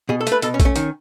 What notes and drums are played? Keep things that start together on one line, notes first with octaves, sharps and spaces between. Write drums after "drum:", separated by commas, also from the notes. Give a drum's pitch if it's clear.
B2 G#4
A4
A3, drum: hi-hat
B4
B2 A4, drum: hi-hat
C#4
A3, drum: kick A#1, hi-hat
C#4
D#3, drum: hi-hat